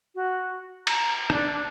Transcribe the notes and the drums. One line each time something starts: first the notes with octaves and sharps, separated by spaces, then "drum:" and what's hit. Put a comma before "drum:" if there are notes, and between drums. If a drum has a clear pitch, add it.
F#4
A#5, drum: cymbal
D4, drum: rim click